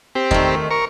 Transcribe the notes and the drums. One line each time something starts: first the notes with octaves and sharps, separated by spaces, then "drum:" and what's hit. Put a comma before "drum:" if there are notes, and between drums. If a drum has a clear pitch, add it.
C4 G4
D#3 A3, drum: kick E2
A#4 C#6